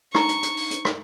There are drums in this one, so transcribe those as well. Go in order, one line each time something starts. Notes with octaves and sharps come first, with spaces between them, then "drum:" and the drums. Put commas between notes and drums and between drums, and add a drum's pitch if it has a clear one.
D4 D#4 A#5 C#6, drum: rim click
drum: hi-hat
drum: hi-hat
drum: open hi-hat
drum: hi-hat
drum: rim click